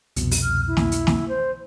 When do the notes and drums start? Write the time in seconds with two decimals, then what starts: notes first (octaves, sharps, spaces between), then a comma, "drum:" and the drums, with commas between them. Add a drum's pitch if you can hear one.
0.16 C2 F2 B2, drum: hi-hat
0.31 drum: open hi-hat
0.43 F6
0.68 E4
0.77 drum: snare
0.92 drum: hi-hat
1.07 drum: snare
1.28 C5